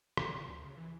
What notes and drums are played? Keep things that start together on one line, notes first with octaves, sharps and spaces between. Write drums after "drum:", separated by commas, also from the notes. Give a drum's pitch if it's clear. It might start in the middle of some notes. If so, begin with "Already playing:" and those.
C#2, drum: rim click
C#3
D2
C#3
E3